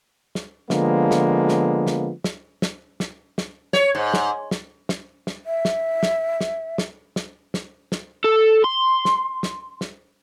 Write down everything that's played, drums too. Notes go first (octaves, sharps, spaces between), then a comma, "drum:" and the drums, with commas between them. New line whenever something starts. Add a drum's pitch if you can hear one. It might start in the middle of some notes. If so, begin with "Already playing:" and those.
drum: snare
D3 F3 G#3 A#3 B3, drum: snare
drum: snare
drum: snare
drum: snare
drum: snare
drum: snare
drum: snare
drum: snare
C#5, drum: snare
G#2
drum: snare
drum: snare
drum: snare
drum: snare
E5
drum: snare
drum: snare
drum: snare
drum: snare
drum: snare
drum: snare
drum: snare
A4
C6
drum: snare
drum: snare
drum: snare